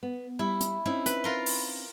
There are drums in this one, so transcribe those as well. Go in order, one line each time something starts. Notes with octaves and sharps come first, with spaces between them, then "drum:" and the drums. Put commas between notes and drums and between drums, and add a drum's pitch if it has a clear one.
B3
G3 E4 B5
drum: hi-hat
C4 C#4 D#4 E4
B4, drum: hi-hat
F4 A#4 C6
drum: open hi-hat